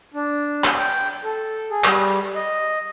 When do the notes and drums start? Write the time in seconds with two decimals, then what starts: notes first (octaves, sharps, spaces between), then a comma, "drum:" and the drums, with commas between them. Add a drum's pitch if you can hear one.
0.14 D4
0.64 drum: clap
0.78 G5
1.24 A4
1.71 G#4
1.84 G3, drum: clap
2.36 D#5